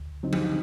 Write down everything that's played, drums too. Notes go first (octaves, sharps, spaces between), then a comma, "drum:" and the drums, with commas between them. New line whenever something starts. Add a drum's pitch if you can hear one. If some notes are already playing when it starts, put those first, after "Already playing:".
Already playing: D2
D3 F#3 C4 D#4
drum: tom F3